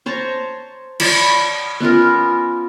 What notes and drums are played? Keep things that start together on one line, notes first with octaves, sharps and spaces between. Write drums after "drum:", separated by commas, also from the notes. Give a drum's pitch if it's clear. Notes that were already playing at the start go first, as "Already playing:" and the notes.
C5 C#5 A5 A#5
C#5 D5 A5 B5, drum: cymbal
B3 C#4 F4 A#4